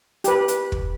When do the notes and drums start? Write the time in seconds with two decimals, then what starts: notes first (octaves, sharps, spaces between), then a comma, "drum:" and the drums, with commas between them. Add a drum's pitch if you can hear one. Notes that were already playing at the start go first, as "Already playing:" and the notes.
0.24 G4 B4, drum: hi-hat
0.48 drum: hi-hat
0.72 drum: kick